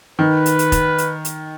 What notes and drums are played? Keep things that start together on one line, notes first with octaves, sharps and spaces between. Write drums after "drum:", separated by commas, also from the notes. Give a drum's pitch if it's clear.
D#3 B4
drum: hi-hat
drum: hi-hat
drum: kick F1, hi-hat
drum: hi-hat
drum: hi-hat